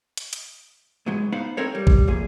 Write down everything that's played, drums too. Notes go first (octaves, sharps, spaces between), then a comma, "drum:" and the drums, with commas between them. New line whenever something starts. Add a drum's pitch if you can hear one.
drum: hi-hat
drum: hi-hat
G#2 B2 F#3 G#3
B3 D#4 C5 F5 B5
C4 A4 A#4 C#5
G3
drum: kick A1
C2 F2 A#2 G#4